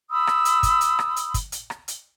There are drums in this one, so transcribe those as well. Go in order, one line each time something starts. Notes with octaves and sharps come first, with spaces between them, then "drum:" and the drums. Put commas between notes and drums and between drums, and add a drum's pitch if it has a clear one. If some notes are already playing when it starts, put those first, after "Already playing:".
B5 D#6 E6
drum: rim click
drum: hi-hat
drum: kick, hi-hat
drum: hi-hat
drum: rim click
drum: hi-hat
drum: kick, hi-hat
drum: hi-hat
drum: rim click
drum: hi-hat